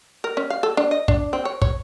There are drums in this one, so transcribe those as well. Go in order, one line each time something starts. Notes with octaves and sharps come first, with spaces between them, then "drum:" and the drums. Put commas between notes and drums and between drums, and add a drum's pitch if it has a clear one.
A#4
C#4
F5
A4
D4
D#5
D4, drum: kick
C4
C#5
C#5, drum: kick